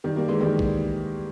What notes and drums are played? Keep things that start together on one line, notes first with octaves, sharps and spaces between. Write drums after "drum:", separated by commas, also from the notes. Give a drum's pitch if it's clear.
D#3 G3
G3 A#3
E3 G#3
D#3 G3
drum: kick